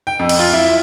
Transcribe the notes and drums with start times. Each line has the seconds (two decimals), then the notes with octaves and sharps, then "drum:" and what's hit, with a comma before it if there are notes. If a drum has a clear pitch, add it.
0.07 G5
0.19 F2
0.29 drum: cymbal
0.39 F4
0.53 E4